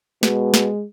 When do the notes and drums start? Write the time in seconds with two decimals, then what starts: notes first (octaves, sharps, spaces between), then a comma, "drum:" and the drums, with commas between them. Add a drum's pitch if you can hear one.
0.23 B2 G#3, drum: snare
0.54 drum: snare